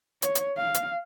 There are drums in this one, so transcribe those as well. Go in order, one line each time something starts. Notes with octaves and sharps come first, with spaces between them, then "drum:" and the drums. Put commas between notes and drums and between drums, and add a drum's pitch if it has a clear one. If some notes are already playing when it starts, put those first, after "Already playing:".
C#5, drum: hi-hat
drum: hi-hat
F5
drum: hi-hat